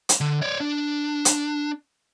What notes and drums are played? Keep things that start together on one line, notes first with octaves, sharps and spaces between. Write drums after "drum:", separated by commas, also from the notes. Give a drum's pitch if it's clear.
drum: hi-hat
D3
C#5 D5
D4
drum: hi-hat